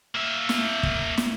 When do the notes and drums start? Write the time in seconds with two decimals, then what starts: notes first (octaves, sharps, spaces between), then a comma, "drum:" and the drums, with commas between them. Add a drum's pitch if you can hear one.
0.15 A#3 E5
0.49 drum: snare
0.83 drum: kick
1.17 drum: snare